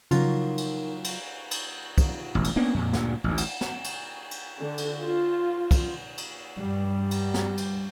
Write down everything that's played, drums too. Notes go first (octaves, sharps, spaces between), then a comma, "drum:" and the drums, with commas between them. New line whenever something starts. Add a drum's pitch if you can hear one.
C#3 F#3 D#4 F4 A#4, drum: cymbal
drum: cymbal
drum: cymbal
drum: cymbal
drum: kick, cymbal
E1 A1
drum: cymbal
A#3 B3 C#4 D4
F2 A#2
D2 G2 A#2, drum: snare
A1 D2
drum: cymbal
drum: snare
drum: cymbal
drum: cymbal
D3
drum: cymbal
F4
drum: kick, cymbal
drum: cymbal
G2 G3
drum: cymbal
drum: snare
drum: cymbal